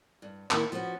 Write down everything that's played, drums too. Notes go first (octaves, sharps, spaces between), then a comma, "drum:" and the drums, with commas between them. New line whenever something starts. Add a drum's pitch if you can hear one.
G2
D#3 A#3 E4, drum: clap
F3 B3 C#4 F4 F#4